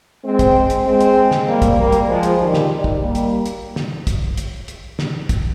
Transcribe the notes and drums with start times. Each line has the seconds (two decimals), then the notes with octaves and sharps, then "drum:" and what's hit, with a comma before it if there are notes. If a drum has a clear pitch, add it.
0.24 G#3 C4
0.39 drum: kick, hi-hat
0.70 drum: hi-hat
0.85 G#3 C4
1.01 drum: hi-hat
1.31 drum: snare
1.47 G3 A#3
1.62 drum: kick, hi-hat
1.77 G3 A#3
1.92 drum: hi-hat
2.08 F3 G#3
2.23 drum: hi-hat
2.39 D#3 G3
2.54 drum: snare
2.69 D#3 G3
2.84 drum: kick
2.99 G3 A#3
3.15 drum: hi-hat
3.46 drum: hi-hat
3.76 drum: snare
4.07 drum: kick, hi-hat
4.37 drum: hi-hat
4.68 drum: hi-hat
4.99 drum: snare
5.29 drum: kick, hi-hat